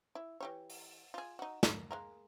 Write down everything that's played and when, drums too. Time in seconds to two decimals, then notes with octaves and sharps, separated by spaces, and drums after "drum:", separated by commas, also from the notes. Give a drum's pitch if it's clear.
0.15 E4
0.40 E3 G4 C#5
0.70 drum: open hi-hat
1.14 F4 G#4
1.39 D#4 F#4
1.63 A#3, drum: snare
1.91 G#3 A#3 A#4